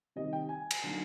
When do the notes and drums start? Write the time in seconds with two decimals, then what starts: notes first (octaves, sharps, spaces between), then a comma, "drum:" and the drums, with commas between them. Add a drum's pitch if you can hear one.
0.16 C3 D#3 G3 D#5
0.33 G5
0.49 G#5
0.71 drum: cymbal
0.84 D3 F#3 A#3 D#4